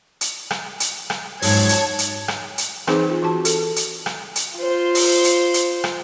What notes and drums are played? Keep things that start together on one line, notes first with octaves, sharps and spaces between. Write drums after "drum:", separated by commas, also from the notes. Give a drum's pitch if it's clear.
drum: hi-hat
drum: rim click
drum: hi-hat
drum: rim click
F2 G#2 F#3 C#5 A5 G#6, drum: open hi-hat
drum: hi-hat
drum: hi-hat
drum: rim click
drum: hi-hat
E3 C4 D#4 G#4 C5 D6, drum: rim click
F4
E3 F#4 A5
A4, drum: hi-hat
drum: hi-hat
drum: rim click
drum: hi-hat
F4 C5
drum: open hi-hat
drum: hi-hat
drum: hi-hat
drum: rim click